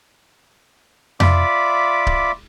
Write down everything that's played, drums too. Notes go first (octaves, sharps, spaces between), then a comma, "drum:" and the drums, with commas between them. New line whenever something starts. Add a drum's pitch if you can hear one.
F4 D5 E5 B5 D6, drum: tom F2
drum: kick C#1